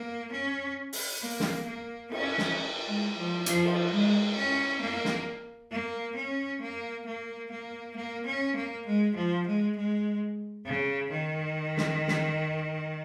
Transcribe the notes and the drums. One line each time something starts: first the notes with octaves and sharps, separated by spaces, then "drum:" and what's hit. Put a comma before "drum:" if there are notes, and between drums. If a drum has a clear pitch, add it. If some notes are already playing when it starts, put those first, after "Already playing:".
Already playing: A#3
C#4
drum: open hi-hat
A#3
drum: snare
A#3
C#4, drum: cymbal
drum: snare
G#3
F3
F3, drum: hi-hat
drum: cymbal
G#3
C#4
A#3
drum: snare
A#3
C#4
A#3
A#3
A#3
A#3
C#4
A#3
G#3
F3
G#3
G#3
C#3
D#3
drum: snare
drum: snare